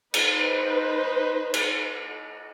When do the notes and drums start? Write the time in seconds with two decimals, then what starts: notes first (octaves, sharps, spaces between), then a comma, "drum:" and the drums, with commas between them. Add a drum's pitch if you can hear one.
0.14 D#4 B4 C5, drum: cymbal
1.54 drum: cymbal